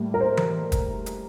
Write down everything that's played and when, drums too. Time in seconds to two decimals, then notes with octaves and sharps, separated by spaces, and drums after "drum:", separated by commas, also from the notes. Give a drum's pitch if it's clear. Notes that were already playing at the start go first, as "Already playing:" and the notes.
Already playing: A2 G3 A#3
0.14 A#4
0.21 C5
0.37 drum: tom E3
0.72 drum: kick, hi-hat
1.06 drum: hi-hat